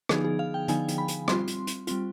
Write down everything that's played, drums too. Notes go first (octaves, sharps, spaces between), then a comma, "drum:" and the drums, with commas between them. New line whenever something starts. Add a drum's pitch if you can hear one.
D3 F3 B3 D#4 G#4, drum: rim click
G#4
F5
G5
D3 F3 B3 D#4 G#5, drum: hi-hat
drum: hi-hat
B5
drum: hi-hat
G3 C4 F4 C6, drum: rim click
drum: hi-hat
drum: hi-hat
G3 C4 F4, drum: hi-hat